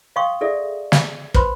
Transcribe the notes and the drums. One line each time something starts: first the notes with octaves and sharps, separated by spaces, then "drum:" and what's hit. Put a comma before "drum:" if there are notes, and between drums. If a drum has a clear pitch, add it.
D#5 F5 G5 C6 C#6 D#6
G#4 A4 D5 E5
drum: snare
B4 C5 B5 C6, drum: kick